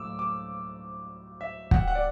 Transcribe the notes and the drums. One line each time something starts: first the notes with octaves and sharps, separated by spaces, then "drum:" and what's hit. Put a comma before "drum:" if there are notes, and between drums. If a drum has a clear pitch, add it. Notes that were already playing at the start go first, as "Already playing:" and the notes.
Already playing: A2 F#3 D6 E6
D6
E5
F#5, drum: kick
G5
F#5
D5